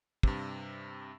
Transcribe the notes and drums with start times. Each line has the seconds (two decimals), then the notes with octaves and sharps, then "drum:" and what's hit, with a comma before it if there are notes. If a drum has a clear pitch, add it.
0.23 G2 C3, drum: kick